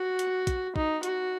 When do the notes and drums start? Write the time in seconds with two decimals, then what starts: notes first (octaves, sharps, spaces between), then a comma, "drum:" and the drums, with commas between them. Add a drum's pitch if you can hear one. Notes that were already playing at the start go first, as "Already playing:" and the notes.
Already playing: F#4
0.19 drum: hi-hat
0.47 drum: kick, hi-hat
0.76 D#4, drum: kick
1.03 F#4, drum: hi-hat